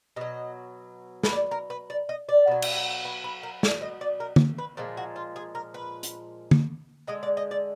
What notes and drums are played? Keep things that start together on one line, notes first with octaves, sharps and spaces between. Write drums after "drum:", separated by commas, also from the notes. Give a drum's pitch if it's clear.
B2 F#3 D#5
B4, drum: snare
D5
A#4
B4
D5
D#5
D5
B2 F#3
drum: cymbal
B4
B4
A#4
D5, drum: snare
D#5
D5
A#4
drum: tom D3
B4
A#2 F3 G#3
F#4
F4
G#4
A#4
B4
drum: hi-hat
drum: tom D3
D3 G#3 D#5
D5
D#5
D5